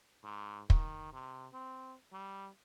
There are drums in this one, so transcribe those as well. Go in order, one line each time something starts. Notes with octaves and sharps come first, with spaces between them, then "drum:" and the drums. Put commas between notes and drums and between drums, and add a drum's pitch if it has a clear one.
G#2
D#3, drum: kick
C3
C4
G3